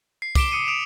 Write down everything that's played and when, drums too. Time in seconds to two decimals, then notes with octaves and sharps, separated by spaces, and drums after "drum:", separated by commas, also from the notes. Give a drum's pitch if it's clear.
0.22 C7
0.35 D6 B6 D7 E7 G7, drum: kick, tambourine
0.52 D#6 C#7 D#7
0.68 D#6 D7 E7 F7